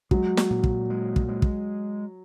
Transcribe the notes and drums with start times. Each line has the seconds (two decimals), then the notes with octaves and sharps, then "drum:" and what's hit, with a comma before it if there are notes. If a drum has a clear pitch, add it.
0.11 F#3 G#3, drum: kick
0.37 drum: snare
0.50 A#2
0.64 drum: kick
0.90 G#3
1.16 drum: kick
1.28 G#3
1.42 drum: kick